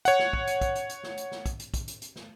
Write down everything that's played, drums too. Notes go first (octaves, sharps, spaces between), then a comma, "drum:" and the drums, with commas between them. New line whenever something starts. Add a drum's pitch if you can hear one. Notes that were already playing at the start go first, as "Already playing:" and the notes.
C#5 F#5, drum: hi-hat
drum: snare
drum: kick
drum: hi-hat
drum: kick, hi-hat
drum: hi-hat
drum: hi-hat
drum: snare
drum: hi-hat
drum: snare
drum: kick, hi-hat
drum: hi-hat
drum: kick, hi-hat
drum: hi-hat
drum: hi-hat
drum: snare